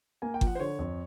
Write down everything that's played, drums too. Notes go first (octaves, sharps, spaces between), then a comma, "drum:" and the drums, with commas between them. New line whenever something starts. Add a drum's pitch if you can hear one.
A#3 G#5
G5
F3, drum: kick G1
F#5
C5
D3 C#5
F2